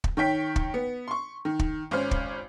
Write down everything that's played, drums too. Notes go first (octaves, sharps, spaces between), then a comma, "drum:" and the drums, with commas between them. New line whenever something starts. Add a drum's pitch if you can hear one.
drum: kick
D#3 C#5 G5 B6
drum: kick
B3
C6 C#6
D#3
drum: kick
G#1 C#4 C5 F6
drum: kick